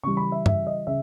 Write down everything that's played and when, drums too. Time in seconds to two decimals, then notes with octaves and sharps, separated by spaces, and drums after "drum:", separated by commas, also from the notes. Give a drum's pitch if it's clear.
0.03 C#3 E3 G3 C#6
0.17 B5
0.32 E5
0.46 E5, drum: tom
0.67 D#5
0.87 C#3 E5